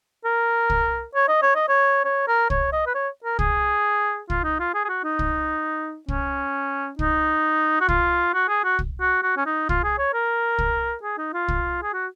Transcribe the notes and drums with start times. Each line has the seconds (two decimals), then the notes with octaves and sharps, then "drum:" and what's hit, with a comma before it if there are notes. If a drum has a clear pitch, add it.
0.25 A#4
0.70 drum: kick
1.15 C#5
1.28 D#5
1.42 C#5
1.55 D#5
1.68 C#5
2.04 C#5
2.28 A#4
2.50 C#5, drum: kick
2.73 D#5
2.86 B4
2.95 C#5
3.24 A#4
3.39 G#4, drum: kick
4.30 F4, drum: kick
4.44 D#4
4.59 F4
4.74 G#4
4.84 G#4
4.89 F#4
5.04 D#4
5.19 drum: kick
6.08 C#4, drum: kick
6.99 D#4, drum: kick
7.81 F#4
7.89 F4, drum: kick
8.34 F#4
8.48 G#4
8.64 F#4
8.79 drum: kick
9.01 F#4
9.23 F#4
9.37 C#4
9.46 D#4
9.69 F4, drum: kick
9.84 G#4
9.98 C#5
10.14 A#4
10.59 drum: kick
11.03 G#4
11.18 D#4
11.34 F4
11.48 drum: kick
11.82 G#4
11.93 F#4